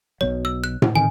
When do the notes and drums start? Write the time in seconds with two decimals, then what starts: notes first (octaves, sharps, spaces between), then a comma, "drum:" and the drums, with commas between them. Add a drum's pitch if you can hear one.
0.21 B1 B2 F#3 C#5
0.45 E6
0.64 F#6
0.82 drum: tom A2
0.95 D3 D#3 C4 G#5